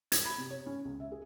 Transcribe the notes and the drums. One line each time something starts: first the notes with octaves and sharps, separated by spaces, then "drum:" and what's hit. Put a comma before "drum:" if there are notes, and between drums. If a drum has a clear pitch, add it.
G#6, drum: hi-hat
B5
C3
C#5
C#4
C#2
E5
G#4